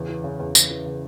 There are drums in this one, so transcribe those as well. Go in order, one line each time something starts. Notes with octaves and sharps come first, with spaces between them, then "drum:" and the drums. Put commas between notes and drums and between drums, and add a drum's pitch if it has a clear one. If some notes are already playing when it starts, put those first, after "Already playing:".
Already playing: E2 C#3
E3
C#3
E2
E2, drum: tambourine
E3
C#3